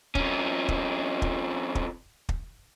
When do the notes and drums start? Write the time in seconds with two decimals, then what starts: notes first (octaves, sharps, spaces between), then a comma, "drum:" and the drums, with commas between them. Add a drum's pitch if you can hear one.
0.15 F2 C#4, drum: kick
0.68 drum: kick
1.22 drum: kick
1.75 drum: kick
2.29 drum: kick